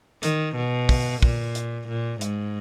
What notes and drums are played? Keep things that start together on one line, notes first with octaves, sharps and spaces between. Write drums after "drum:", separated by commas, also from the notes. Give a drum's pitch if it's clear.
D#3, drum: hi-hat
B2
drum: kick, open hi-hat
A#2, drum: kick
drum: hi-hat
A#2
G#2, drum: hi-hat